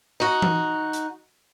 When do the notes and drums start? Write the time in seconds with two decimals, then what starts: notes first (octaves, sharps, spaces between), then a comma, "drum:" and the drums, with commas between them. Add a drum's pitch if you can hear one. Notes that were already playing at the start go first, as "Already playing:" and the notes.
0.20 D#4 F#4
0.42 drum: tom E3
0.93 drum: hi-hat